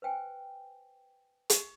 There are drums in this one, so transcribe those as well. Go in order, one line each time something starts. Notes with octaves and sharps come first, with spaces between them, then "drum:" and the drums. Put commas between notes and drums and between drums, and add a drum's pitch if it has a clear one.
B4 C5 G5 G#5
drum: hi-hat